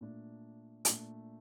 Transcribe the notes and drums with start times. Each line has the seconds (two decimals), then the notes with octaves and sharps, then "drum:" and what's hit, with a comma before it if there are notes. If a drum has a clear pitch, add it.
0.01 A#2 A3 D4
0.85 A#2 A3 D4, drum: hi-hat